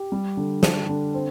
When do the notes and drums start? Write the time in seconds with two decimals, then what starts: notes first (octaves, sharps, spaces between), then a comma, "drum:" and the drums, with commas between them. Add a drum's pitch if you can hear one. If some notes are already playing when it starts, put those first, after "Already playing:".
Already playing: G4
0.12 G3
0.37 D3
0.63 D4, drum: snare
0.89 D3
1.14 C4